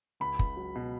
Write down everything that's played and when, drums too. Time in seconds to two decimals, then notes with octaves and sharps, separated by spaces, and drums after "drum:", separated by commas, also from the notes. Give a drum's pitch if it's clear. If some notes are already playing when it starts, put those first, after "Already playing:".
0.20 C#2 B5
0.39 C#2, drum: kick
0.57 F#3
0.75 B2